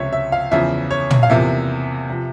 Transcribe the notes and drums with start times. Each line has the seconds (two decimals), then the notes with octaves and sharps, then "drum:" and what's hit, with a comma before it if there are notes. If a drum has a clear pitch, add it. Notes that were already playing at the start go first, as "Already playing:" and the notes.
Already playing: C#2 C3 F3 C#5 E5
0.13 E5
0.32 F5
0.51 E2 C#3 F3 E5
0.91 C#5
1.11 drum: tom
1.23 F5
1.30 E2 C3 F3 A#3 E5
2.10 C3 F3